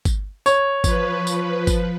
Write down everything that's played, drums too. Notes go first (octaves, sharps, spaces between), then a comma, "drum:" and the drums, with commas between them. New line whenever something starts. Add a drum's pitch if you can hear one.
drum: kick, tambourine
C#5, drum: tambourine
F3 B4, drum: kick, tambourine
drum: tambourine
drum: kick, tambourine